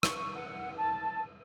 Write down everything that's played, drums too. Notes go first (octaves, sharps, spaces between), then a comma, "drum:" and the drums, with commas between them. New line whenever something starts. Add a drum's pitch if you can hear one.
C#6, drum: rim click
F#5
A5